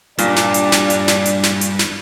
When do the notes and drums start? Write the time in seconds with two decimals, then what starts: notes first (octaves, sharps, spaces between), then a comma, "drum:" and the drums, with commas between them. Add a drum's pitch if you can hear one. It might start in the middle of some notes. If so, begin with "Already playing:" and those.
0.18 G2 A#2 D4 D5, drum: hi-hat
0.36 drum: snare
0.54 drum: hi-hat
0.72 drum: snare
0.90 drum: hi-hat
1.08 drum: snare
1.26 drum: hi-hat
1.43 drum: snare
1.61 drum: hi-hat
1.79 drum: snare